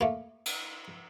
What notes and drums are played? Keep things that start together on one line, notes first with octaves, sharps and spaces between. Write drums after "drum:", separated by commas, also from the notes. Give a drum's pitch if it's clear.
A3 A#3
drum: cymbal